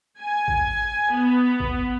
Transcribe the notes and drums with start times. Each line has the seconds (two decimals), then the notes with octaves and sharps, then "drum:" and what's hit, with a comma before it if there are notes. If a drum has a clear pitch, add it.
0.20 G#5
0.48 drum: kick G#1
1.12 B3
1.60 drum: kick G#1